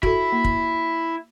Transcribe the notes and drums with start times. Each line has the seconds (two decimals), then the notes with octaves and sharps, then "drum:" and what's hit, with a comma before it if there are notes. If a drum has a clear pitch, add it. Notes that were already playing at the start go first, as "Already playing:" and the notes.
0.03 E4 F#4 A4, drum: kick
0.32 A#3
0.44 drum: kick